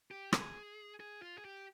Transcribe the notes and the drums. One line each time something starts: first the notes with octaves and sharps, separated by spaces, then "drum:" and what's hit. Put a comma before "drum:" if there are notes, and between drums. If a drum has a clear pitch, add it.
G4
G#4, drum: rim click
G#4
F4
G#4
G4